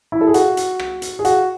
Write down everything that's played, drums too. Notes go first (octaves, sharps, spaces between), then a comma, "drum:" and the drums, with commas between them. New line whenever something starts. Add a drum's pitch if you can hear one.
E4
A4
G#4
F#4, drum: hi-hat
drum: hi-hat
drum: rim click
drum: hi-hat
G#4
F#4, drum: hi-hat